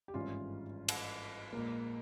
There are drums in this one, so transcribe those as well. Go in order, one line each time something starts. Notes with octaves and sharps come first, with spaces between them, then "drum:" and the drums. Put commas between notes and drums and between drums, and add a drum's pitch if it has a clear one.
G4
G#1 G2 E3 G#3 C#4 F4
drum: cymbal
A#1 A#2 G#3 A#3